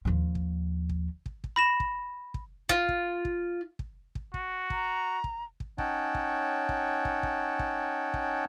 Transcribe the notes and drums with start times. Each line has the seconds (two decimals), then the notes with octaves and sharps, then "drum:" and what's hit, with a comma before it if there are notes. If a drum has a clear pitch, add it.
0.05 D#2 F3
0.35 drum: kick
0.89 drum: kick
1.26 drum: kick
1.44 drum: kick
1.56 B5 A#6 E7
1.80 drum: kick
2.34 drum: kick
2.69 F4, drum: kick
2.89 drum: kick
3.25 drum: kick
3.79 drum: kick
4.15 drum: kick
4.34 F#4, drum: kick
4.70 A#5, drum: kick
5.24 drum: kick
5.60 drum: kick
5.78 C#4 D#4 C#5 F#5 G5 A5, drum: kick
6.14 drum: kick
6.69 drum: kick
7.05 drum: kick
7.23 drum: kick
7.59 drum: kick
8.14 drum: kick